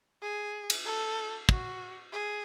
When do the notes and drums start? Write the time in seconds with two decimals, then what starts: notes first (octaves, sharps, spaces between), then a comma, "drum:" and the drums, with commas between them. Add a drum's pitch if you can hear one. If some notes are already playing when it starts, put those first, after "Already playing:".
0.22 G#4
0.70 drum: cymbal
0.85 A4
1.49 F#4, drum: kick
2.12 G#4